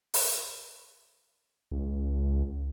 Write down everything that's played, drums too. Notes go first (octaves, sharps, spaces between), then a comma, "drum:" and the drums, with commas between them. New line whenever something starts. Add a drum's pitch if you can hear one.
drum: open hi-hat
C#2